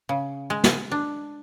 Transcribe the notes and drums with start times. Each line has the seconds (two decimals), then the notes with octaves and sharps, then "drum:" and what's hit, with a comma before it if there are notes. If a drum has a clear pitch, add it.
0.09 C#3
0.50 G#3
0.64 drum: snare
0.91 D4